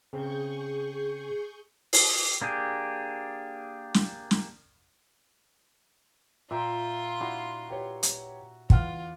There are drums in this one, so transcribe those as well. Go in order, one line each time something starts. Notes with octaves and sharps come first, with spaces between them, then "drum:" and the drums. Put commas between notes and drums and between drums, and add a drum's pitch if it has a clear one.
C#3 C4 G#4 C#6 G6
drum: open hi-hat
A#3 D4 G4 G#4
drum: snare
drum: snare
A#2 F4 E5 G5 A#5 C6
D4 E4 F#4
G4 B4 C#5
drum: hi-hat
E2 F4 F#5 F6, drum: kick